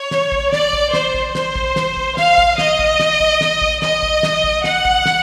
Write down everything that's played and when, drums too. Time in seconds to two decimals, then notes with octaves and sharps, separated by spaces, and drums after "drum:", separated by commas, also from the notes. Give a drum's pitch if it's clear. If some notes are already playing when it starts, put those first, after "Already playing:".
Already playing: C#5
0.11 drum: snare
0.32 drum: kick
0.52 D5, drum: snare
0.73 drum: kick
0.93 C5, drum: snare
1.14 drum: kick
1.35 C5, drum: snare
1.55 drum: kick
1.76 drum: snare
1.97 drum: kick
2.17 F5, drum: snare
2.38 drum: kick
2.58 D#5, drum: snare
2.79 drum: kick
3.00 drum: snare
3.20 drum: kick
3.41 drum: snare
3.61 drum: kick
3.82 D#5, drum: snare
4.03 drum: kick
4.23 drum: snare
4.44 drum: kick
4.64 F#5, drum: snare
4.85 drum: kick
5.06 drum: snare